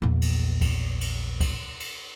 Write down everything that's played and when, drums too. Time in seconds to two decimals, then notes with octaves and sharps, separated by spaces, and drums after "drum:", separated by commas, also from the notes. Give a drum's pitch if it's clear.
0.02 A#1 E2
0.22 drum: cymbal
0.61 drum: kick C#2, cymbal
1.01 drum: cymbal
1.41 drum: kick C#2, cymbal
1.80 drum: cymbal